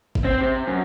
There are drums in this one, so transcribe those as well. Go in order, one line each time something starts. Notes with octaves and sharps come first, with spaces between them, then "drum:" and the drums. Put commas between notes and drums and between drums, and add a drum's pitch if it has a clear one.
drum: kick G#1
C4
C3
F#2